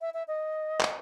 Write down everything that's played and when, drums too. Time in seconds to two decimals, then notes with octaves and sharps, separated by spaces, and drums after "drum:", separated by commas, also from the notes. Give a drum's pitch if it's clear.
0.01 E5
0.13 E5
0.27 D#5
0.80 drum: clap